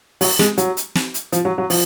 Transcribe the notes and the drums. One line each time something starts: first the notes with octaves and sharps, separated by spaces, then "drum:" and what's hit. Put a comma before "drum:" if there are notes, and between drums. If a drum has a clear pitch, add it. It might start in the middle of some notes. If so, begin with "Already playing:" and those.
F#3, drum: open hi-hat
G#3, drum: snare
F#3, drum: hi-hat
drum: hi-hat
drum: snare
drum: hi-hat
F3, drum: hi-hat
F#3
F#3
F3, drum: open hi-hat